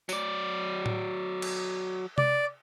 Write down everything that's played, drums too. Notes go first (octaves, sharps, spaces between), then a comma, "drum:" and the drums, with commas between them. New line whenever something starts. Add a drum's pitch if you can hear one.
F#3 D5, drum: tambourine
drum: tom A2
drum: cymbal
D5, drum: tom C3